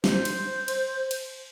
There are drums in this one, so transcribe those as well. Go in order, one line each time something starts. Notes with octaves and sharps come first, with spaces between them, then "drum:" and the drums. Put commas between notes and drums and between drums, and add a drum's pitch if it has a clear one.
C5, drum: snare
drum: cymbal
drum: cymbal
drum: cymbal